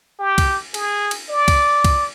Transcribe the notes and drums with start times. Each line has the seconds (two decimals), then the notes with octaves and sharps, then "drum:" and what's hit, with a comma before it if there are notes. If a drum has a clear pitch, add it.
0.20 G4
0.38 drum: kick, cymbal
0.74 G#4, drum: cymbal
1.11 drum: cymbal
1.29 D5
1.48 drum: kick, cymbal
1.84 drum: kick, cymbal